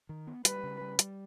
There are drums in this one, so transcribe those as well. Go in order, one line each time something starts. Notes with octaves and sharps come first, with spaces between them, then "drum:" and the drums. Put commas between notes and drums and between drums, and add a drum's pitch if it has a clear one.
D#3
B3
G3 B4, drum: hi-hat
C#3
G3
G3, drum: hi-hat